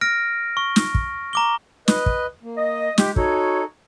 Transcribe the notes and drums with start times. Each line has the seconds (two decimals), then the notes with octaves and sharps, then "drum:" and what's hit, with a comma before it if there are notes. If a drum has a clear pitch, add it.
0.01 F6 A#6 D7
0.57 C#6
0.76 drum: snare
0.95 drum: kick
1.33 A#5 D6 G7
1.88 B4 D#5, drum: snare
2.06 drum: kick
2.43 A#3
2.57 D#5
2.98 G#3 G4, drum: snare
3.16 D#4 F#4 A4 C#5, drum: kick